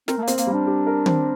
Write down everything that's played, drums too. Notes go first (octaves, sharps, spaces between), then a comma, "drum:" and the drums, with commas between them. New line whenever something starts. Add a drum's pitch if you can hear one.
C4 A#4, drum: snare
A3
A#3
C4, drum: hi-hat
A#3, drum: hi-hat
G3
D4
G4
A#4
C4, drum: tom